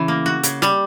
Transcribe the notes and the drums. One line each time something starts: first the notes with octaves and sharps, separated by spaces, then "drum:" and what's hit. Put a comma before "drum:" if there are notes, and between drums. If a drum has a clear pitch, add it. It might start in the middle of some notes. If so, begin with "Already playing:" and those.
Already playing: C#3 E3 C#4
A#3
F#4
C#3, drum: hi-hat
G3, drum: snare